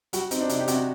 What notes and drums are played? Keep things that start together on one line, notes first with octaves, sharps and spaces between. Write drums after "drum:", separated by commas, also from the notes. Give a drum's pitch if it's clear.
G3 F#4, drum: hi-hat
C4 D#4, drum: hi-hat
D4
C3 D#4, drum: hi-hat
G4
C3 F#4, drum: hi-hat